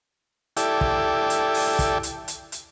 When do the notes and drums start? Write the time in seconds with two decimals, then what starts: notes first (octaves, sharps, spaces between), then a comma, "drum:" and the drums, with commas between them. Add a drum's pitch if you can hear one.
0.57 E4 G4 A4 D5, drum: hi-hat
0.81 drum: kick
1.30 drum: hi-hat
1.54 drum: open hi-hat
1.79 drum: kick, hi-hat
2.03 drum: hi-hat
2.28 drum: hi-hat
2.52 drum: hi-hat